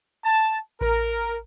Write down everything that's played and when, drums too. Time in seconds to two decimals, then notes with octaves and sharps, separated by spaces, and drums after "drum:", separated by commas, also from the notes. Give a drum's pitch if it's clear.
0.24 A5
0.81 A#4, drum: kick A1